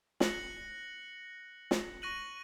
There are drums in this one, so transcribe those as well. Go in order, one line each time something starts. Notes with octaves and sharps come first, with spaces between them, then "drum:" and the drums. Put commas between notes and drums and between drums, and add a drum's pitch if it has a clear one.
F#6 A#6 C#7 F#7, drum: snare
drum: snare
C#6 F#6 A#6 D#7 F#7